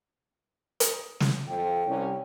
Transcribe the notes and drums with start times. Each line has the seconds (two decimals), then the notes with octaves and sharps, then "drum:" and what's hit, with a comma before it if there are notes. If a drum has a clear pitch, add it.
0.80 drum: hi-hat
1.20 drum: snare
1.48 F2 G5
1.87 C2 C#4